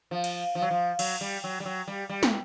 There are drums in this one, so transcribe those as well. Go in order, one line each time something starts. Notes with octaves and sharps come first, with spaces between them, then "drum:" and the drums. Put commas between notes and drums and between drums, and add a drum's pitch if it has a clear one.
F3
drum: cymbal
F3
F#3
F3
F#3, drum: cymbal
G3
F#3
G3
F#3
G3
G3
drum: snare